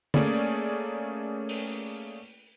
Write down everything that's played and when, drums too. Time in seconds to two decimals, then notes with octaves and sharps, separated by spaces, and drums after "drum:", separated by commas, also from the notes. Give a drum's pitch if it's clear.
0.14 A3 A#3 C#4 G#4 C#5 D5, drum: tom D3
1.49 drum: open hi-hat